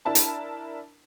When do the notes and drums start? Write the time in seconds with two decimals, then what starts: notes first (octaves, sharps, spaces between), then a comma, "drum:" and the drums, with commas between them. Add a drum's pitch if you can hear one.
0.05 D4 E4 A#4 A5 B5
0.15 drum: hi-hat